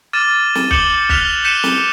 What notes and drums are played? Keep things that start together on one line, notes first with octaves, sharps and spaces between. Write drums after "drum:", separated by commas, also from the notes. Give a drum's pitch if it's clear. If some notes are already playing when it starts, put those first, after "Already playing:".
D6 F6 A6 D#7 E7
drum: snare
D6 G6 C#7 E7 F#7 G7, drum: kick
F6 F#6 B6 E7 F7 G7, drum: kick
G6 B6 C#7 D#7 E7
drum: snare